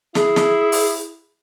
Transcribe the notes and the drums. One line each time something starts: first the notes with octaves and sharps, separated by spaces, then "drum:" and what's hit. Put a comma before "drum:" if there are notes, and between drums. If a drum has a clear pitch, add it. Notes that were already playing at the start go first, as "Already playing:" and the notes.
E4 G#4, drum: snare
drum: snare
drum: open hi-hat